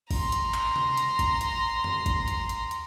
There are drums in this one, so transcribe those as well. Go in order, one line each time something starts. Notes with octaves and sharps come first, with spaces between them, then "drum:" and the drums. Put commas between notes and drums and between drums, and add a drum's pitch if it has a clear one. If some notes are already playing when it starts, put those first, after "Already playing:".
A#5 C6, drum: kick G#1, open hi-hat
drum: hi-hat
drum: clap
drum: tom C3
drum: hi-hat
drum: kick G#1, hi-hat
drum: hi-hat
drum: tom F2
drum: kick G#1, hi-hat
drum: hi-hat
drum: hi-hat
drum: hi-hat